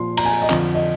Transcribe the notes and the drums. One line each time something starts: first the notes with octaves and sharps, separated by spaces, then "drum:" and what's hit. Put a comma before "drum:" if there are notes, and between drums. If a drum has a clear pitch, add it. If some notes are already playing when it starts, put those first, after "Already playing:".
Already playing: A#2 F3 C6
A#5, drum: cymbal
G#5
D#5
F2 D3 F3, drum: clap
D#5